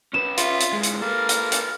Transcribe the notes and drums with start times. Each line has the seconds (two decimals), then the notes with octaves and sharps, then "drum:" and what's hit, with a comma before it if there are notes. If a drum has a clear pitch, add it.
0.14 C#4 B4 E7
0.37 F4 E5, drum: hi-hat
0.60 drum: hi-hat
0.73 B1 G#3
0.83 drum: hi-hat
1.01 A#3 A4 B4 F6
1.29 drum: hi-hat
1.52 drum: hi-hat